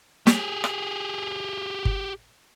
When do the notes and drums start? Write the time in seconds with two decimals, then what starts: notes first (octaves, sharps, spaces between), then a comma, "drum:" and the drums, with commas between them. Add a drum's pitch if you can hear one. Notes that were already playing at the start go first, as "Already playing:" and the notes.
0.27 G4 G#4, drum: snare
0.64 drum: rim click
1.85 drum: kick G1